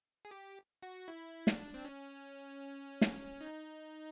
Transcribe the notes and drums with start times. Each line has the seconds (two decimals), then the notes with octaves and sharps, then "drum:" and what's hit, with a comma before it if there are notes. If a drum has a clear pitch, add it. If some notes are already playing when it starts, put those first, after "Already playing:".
0.25 G#4
0.31 G4
0.82 F#4
1.08 E4
1.47 D4, drum: snare
1.74 C4
1.85 C#4
3.01 drum: snare
3.41 D#4